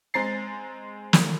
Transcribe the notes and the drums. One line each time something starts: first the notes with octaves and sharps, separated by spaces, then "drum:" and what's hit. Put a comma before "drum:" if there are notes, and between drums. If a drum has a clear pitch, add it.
G#3 C4 A#5 A6 C7
drum: snare